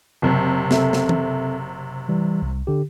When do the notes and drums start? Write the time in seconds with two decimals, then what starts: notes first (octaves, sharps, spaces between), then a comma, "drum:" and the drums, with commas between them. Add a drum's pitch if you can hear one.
0.22 F#1 C3
0.71 C4 A4 E5, drum: snare
0.93 drum: snare
1.09 drum: tom
2.09 E3 G3
2.42 C2
2.67 D3 G4